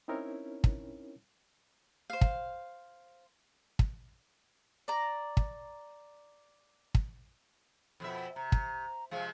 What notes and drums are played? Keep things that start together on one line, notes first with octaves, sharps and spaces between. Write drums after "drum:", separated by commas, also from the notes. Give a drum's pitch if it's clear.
C4 C#4 D#4 E4 A#4 C#5
drum: kick
C5 F5
drum: kick
drum: kick
D5 A#5
drum: kick
drum: kick
F2 B2 E5
C3 A#5
drum: kick
C3 F3 G#3 F5